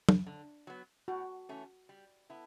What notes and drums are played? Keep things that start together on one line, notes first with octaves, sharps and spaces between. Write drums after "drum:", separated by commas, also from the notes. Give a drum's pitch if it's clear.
drum: tom
D3
F#3 B3
A2 F#4
E3 A3 C#4
G3
B3 E4 A4